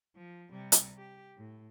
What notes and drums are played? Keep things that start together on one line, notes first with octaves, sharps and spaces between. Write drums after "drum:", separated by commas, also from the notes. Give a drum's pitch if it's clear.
F3
C3 G3
drum: hi-hat
G4
A2